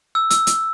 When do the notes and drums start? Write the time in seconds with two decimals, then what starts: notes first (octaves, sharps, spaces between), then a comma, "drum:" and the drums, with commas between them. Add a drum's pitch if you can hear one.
0.15 E6
0.30 E6, drum: hi-hat
0.47 drum: hi-hat